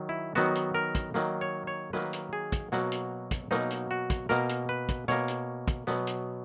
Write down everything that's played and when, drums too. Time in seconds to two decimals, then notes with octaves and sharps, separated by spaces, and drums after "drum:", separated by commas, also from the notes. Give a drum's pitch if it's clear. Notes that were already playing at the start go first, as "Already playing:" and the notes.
Already playing: D#3 F#3
0.09 E4
0.35 D#3 F#3 B3 F#4, drum: snare
0.55 drum: hi-hat
0.75 A#4
0.95 drum: kick, hi-hat
1.14 D#3 F#3 A#3, drum: snare
1.41 C#5
1.67 C#5
1.93 D#3 F#3 A#3 B4, drum: snare
2.13 drum: hi-hat
2.33 G#4
2.52 drum: kick, hi-hat
2.72 B2 F#3 A#3 F#4, drum: snare
2.92 drum: hi-hat
3.31 drum: kick, hi-hat
3.51 B2 F#3 A#3 D#4, drum: snare
3.71 drum: hi-hat
3.91 F#4
4.10 drum: kick, hi-hat
4.29 B2 A#3 A#4, drum: snare
4.49 drum: hi-hat
4.69 B4
4.89 drum: kick, hi-hat
5.08 B2 A#3 C#5, drum: snare
5.28 drum: hi-hat
5.68 drum: kick, hi-hat
5.87 B2 F#3 B3, drum: snare
6.07 drum: hi-hat